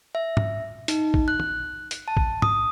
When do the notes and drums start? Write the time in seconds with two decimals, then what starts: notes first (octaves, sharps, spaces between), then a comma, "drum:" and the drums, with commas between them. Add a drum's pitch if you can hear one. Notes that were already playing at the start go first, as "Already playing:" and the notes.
0.15 E5
0.37 drum: tom
0.88 D#4, drum: hi-hat
1.14 drum: kick A1
1.28 F#6
1.40 drum: tom
1.91 drum: hi-hat
2.08 A5
2.17 drum: kick A1
2.42 D#6, drum: tom